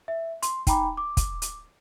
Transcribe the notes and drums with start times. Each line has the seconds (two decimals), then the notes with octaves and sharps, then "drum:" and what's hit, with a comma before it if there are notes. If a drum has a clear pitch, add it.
0.08 E5
0.43 C6, drum: hi-hat
0.67 D#4 G5 G#5 A#5 B5 D6, drum: kick, hi-hat
0.97 D6
1.17 drum: kick, hi-hat
1.42 drum: hi-hat